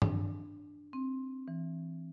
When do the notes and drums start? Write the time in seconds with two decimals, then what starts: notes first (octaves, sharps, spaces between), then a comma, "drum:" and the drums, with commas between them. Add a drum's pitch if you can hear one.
0.02 D4, drum: tom G2
0.93 C4
1.48 E3